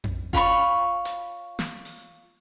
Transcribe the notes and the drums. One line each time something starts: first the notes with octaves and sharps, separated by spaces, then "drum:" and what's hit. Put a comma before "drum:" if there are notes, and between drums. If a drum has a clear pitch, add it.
drum: tom F2
F4 C#5 B5 C#6, drum: kick F#1
drum: hi-hat
drum: snare
drum: open hi-hat